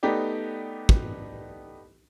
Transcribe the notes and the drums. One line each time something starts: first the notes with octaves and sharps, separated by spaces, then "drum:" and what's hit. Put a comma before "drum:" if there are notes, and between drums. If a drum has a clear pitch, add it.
A3 B3 D#4 G4 D5
drum: kick